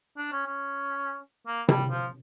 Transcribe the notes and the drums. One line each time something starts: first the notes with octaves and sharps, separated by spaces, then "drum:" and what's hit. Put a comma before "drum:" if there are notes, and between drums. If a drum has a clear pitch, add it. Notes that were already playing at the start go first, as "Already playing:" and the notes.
D4
C#4
C#4
A#3
G3, drum: tom C3
F3